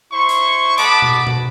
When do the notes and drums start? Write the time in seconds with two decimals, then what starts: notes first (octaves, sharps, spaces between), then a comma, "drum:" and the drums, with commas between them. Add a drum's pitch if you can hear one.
0.12 E4 C5 C6 C#6
0.29 drum: hi-hat
0.78 A3 D#5 F#5 A5 B5 D6, drum: hi-hat
1.02 drum: tom B2
1.27 drum: tom B2